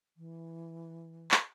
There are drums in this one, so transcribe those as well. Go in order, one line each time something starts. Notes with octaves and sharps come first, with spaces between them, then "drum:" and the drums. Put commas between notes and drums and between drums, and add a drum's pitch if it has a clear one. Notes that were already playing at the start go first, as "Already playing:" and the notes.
E3
drum: clap